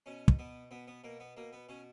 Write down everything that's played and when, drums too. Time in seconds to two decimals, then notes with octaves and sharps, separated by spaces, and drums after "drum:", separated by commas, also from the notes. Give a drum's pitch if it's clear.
0.06 B2 C#4
0.28 drum: kick
0.39 B2 B3
0.71 B2 B3
0.88 B3
1.04 B2 A#3
1.20 B3
1.37 B2 A#3
1.53 B3
1.69 B2 C#4